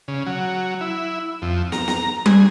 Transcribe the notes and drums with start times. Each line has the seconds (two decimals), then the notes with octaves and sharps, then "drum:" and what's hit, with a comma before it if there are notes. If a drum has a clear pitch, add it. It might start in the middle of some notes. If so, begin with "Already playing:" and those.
0.08 C#3
0.26 F#3
0.81 E4
1.42 F2
1.72 A#5, drum: snare
1.88 drum: snare
2.26 G#4, drum: tom G3